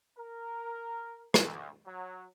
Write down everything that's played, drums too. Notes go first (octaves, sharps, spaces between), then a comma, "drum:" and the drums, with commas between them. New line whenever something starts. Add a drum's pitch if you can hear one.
A#4
D2, drum: rim click
F#3